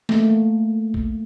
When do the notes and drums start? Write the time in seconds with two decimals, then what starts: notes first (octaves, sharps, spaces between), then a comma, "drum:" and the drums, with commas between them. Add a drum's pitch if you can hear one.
0.09 A3 A#3, drum: snare
0.94 drum: kick